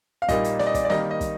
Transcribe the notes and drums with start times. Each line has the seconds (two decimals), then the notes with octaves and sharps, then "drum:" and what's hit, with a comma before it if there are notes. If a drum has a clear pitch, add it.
0.22 F5
0.28 A#2 G3 A#3 D#4 D#5, drum: kick, hi-hat
0.44 drum: hi-hat
0.59 D5, drum: snare
0.66 D#5
0.74 D5, drum: kick, hi-hat
0.85 D5
0.90 D#3 G3 A#3 D#4 D#5, drum: snare
1.11 D#5
1.21 drum: kick, hi-hat